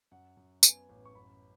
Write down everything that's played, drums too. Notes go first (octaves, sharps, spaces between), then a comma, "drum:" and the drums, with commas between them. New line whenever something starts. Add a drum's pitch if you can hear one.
F#2 F#5
F#2
B3 G#5, drum: tambourine
A1
C#6
F#2 B5